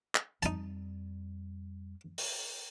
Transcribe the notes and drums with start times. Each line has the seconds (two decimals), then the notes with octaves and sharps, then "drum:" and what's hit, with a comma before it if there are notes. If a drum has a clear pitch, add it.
0.15 drum: clap
0.43 F2 G3 D#4 A5, drum: hi-hat
2.18 drum: open hi-hat